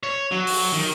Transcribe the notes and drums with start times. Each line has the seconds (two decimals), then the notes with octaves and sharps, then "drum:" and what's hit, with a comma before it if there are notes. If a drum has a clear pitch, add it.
0.03 C#5
0.32 F#3
0.47 drum: open hi-hat
0.73 D#3